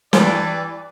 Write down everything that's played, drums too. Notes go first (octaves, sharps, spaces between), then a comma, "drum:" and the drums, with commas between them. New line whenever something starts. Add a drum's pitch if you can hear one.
G2 E3 G4 D5, drum: snare